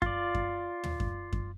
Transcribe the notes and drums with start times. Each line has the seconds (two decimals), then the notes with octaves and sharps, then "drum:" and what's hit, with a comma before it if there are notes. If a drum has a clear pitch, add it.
0.02 F4 D5, drum: kick F#2
0.35 drum: kick F#2
0.84 drum: tom
1.00 drum: kick F#2
1.33 drum: kick F#2